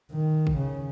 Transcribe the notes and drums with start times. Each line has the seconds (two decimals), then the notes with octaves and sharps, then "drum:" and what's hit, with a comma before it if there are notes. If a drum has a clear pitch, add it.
0.11 D#3
0.47 drum: kick A1
0.58 C#3